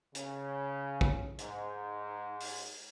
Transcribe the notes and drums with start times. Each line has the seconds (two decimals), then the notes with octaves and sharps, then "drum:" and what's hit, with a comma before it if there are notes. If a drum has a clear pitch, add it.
0.15 C#3, drum: hi-hat
1.01 drum: kick
1.39 G#2, drum: hi-hat
2.40 drum: open hi-hat